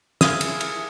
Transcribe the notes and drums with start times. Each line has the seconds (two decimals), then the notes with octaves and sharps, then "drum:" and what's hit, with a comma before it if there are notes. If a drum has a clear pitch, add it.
0.21 E4 G#4 F5 D#6, drum: snare
0.41 drum: cymbal
0.61 drum: cymbal